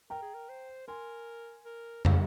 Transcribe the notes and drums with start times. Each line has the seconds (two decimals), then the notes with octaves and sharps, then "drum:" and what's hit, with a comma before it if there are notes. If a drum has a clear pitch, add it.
0.10 A#4 G5 A#5
0.22 G#4
0.34 A#4
0.49 C5
0.88 A#4 G#5 C6
1.65 A#4
2.05 D#4, drum: tom